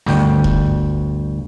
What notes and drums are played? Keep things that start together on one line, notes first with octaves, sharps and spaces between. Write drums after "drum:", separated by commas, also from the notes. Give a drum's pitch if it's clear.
G1 D2 G5, drum: snare
drum: kick E1